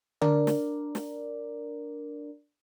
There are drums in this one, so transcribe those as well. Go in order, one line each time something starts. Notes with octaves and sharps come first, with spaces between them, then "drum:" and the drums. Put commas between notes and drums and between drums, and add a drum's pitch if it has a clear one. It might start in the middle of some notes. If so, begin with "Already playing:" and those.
D4 A#4 D5, drum: tom D3
drum: snare
drum: snare